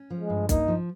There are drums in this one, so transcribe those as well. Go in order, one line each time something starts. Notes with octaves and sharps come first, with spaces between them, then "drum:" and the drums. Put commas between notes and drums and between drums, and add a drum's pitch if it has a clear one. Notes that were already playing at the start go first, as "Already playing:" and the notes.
Already playing: C#4
F3
G#3
G2
A#3 D#4, drum: kick B1, hi-hat
F3